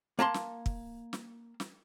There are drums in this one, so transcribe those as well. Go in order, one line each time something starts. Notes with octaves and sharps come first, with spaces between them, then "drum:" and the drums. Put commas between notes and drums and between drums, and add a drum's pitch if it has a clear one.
A#3 A5 A#5 C6
drum: snare
drum: kick
drum: snare
drum: snare